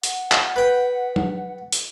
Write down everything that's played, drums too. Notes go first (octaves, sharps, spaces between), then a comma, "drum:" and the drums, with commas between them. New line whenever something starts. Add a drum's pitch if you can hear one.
F#5, drum: hi-hat
drum: clap
B4 G5
drum: tom F#3
drum: hi-hat